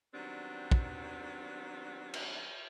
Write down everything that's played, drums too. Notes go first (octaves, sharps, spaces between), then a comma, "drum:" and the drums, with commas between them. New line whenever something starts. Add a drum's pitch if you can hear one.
D#3 F#3 G3 B3 C4 D4
drum: kick
drum: cymbal